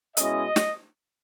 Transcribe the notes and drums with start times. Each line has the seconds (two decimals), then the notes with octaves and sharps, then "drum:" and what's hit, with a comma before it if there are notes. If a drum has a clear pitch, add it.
0.17 B2 G#3 C#4 E4 D#5, drum: hi-hat
0.56 drum: snare